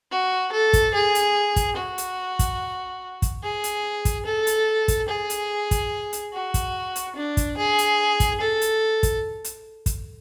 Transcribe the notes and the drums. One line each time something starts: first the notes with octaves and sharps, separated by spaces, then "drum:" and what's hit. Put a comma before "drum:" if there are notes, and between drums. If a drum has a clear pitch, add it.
F#4
A4
drum: kick, hi-hat
G#4
drum: hi-hat
drum: kick, hi-hat
F#4
drum: hi-hat
drum: kick, hi-hat
drum: kick, hi-hat
G#4
drum: hi-hat
drum: kick, hi-hat
A4
drum: hi-hat
drum: kick, hi-hat
G#4
drum: hi-hat
drum: kick, hi-hat
drum: hi-hat
F#4
drum: kick, hi-hat
drum: hi-hat
D4
drum: kick, hi-hat
G#4
drum: hi-hat
drum: kick, hi-hat
A4
drum: hi-hat
drum: kick, hi-hat
drum: hi-hat
drum: kick, hi-hat